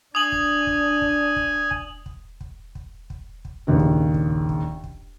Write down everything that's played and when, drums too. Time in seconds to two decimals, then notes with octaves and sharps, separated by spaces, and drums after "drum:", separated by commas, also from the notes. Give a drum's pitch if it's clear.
0.15 D4 G#5 D#6 F#7
0.32 drum: kick
0.67 drum: kick
1.02 drum: kick
1.36 drum: kick
1.71 drum: kick
2.06 drum: kick
2.41 drum: kick
2.75 drum: kick
3.10 drum: kick
3.45 drum: kick
3.67 A#1 D#2 C#3
3.79 drum: kick
4.14 drum: kick
4.49 drum: kick
4.84 drum: kick